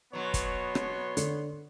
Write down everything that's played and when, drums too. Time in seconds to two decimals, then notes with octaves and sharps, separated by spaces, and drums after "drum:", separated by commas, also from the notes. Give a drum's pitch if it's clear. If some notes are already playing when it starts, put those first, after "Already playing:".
0.13 B2 F#3 B3 C#5 C6
0.34 drum: kick, hi-hat
0.75 drum: rim click
1.17 D3, drum: hi-hat